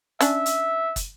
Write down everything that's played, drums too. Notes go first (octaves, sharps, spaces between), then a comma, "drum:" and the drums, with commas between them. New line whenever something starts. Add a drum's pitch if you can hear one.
C#4 D4 E5, drum: hi-hat
drum: hi-hat
drum: kick, hi-hat